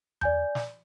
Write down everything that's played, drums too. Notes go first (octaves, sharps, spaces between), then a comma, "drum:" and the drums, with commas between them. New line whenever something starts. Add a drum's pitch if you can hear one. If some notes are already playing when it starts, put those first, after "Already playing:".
D5 G#5 G6, drum: tom E2
drum: snare